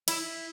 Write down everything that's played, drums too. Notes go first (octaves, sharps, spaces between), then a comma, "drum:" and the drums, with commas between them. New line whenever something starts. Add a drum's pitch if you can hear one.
E4, drum: cymbal